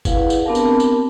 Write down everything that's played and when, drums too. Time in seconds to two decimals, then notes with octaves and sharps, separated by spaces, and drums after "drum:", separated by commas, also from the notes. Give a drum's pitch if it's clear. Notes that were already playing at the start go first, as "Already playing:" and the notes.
0.05 E4 G#4 B4 D5 F5 F#5, drum: kick G1, tambourine
0.30 drum: tambourine
0.46 B3 C4 D4 G4 A#4 A5
0.55 drum: tambourine
0.80 drum: tambourine